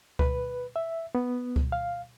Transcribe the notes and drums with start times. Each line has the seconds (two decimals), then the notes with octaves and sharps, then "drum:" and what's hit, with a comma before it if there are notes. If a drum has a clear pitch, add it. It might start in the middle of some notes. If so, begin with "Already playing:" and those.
0.19 B4, drum: kick C#2
0.76 E5
1.15 B3
1.56 drum: kick C#2
1.72 F5